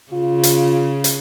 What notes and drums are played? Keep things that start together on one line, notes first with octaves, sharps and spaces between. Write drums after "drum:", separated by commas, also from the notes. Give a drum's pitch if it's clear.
C#3 F4
drum: hi-hat
drum: hi-hat